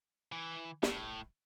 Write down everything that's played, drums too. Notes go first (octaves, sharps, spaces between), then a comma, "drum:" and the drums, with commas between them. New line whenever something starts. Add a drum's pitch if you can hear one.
E3
A2, drum: snare